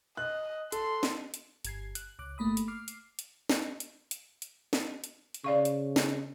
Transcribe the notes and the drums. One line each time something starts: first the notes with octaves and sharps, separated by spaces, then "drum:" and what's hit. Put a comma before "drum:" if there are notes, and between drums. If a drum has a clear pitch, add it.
D#5 F#6
A4 C6, drum: hi-hat
drum: snare
drum: hi-hat
G1 G#6 C7, drum: hi-hat
F#6, drum: hi-hat
C#2 D6 F#6
G1 A3 A#3 B5 D#6
drum: hi-hat
D6 F6 C7
drum: hi-hat
drum: hi-hat
drum: snare
drum: hi-hat
drum: hi-hat
drum: hi-hat
drum: snare
drum: hi-hat
drum: hi-hat
C#3 D5 F5 C#6
drum: hi-hat
drum: snare